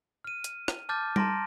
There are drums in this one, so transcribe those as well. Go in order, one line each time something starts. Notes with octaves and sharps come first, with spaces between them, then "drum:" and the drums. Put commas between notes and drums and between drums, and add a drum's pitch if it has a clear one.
F6 D#7
drum: hi-hat
drum: rim click
A5 D6 F6 G6 A6
A5 A#5 C6 A#6 D7, drum: tom G3